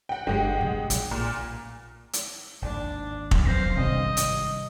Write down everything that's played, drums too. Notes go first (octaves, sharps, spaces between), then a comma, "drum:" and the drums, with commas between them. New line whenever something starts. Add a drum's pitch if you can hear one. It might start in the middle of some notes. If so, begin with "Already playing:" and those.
F#5 G5
G1 G#3 G4 F#5
B2
A#1, drum: hi-hat
A#2
drum: hi-hat
G#1 D#2 D4
drum: kick
B1 E2 C3 C5 F5 A#6
G#1 G2 C3 G3 D#5
drum: hi-hat